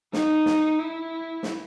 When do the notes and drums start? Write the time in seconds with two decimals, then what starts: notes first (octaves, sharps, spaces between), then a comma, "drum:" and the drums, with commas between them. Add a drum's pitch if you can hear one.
0.13 D#4, drum: snare
0.46 drum: snare
0.79 E4
1.43 drum: snare